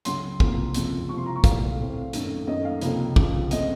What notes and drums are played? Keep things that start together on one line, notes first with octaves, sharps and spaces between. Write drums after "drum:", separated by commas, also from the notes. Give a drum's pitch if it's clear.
C#2 C#3 F#3 C6, drum: hi-hat
C2 C3 F3 A#3, drum: kick
F#1 F2 C#3 F3, drum: hi-hat
C2 C3 F3 C4 C#6
C6
A#5
C#6
C2 A#2 A3 C4 F5, drum: kick, hi-hat
A2 A3 C4
F#2 D#3 A3, drum: hi-hat
F#2 D#3 A3 D#5
F5
C#2 C3 F3 A#3, drum: hi-hat
C#2 C3 F3, drum: kick
C#3 A3 C4 D#5, drum: hi-hat